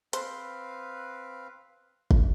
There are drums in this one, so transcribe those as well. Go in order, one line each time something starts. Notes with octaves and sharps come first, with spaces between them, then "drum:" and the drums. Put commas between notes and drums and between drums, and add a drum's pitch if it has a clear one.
C4 B4 C5 F5, drum: hi-hat
drum: kick